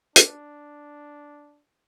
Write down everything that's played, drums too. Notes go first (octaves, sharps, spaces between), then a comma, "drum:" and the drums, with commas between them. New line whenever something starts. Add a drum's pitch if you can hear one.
D4, drum: hi-hat